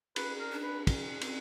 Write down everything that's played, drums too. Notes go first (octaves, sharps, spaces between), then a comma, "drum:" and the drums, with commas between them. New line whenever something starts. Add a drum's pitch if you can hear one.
B4, drum: cymbal
A#4
D4
B4
C#4, drum: kick, cymbal
C4, drum: cymbal